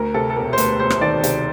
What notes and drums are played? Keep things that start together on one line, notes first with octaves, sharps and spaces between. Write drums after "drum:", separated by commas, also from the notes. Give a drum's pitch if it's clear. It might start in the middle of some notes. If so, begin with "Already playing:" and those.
Already playing: D2 A#4
C3 A4
A4
E1 A#4
C5
D2 B4, drum: hi-hat
E1 C5
drum: rim click
D#3 D5
C3, drum: hi-hat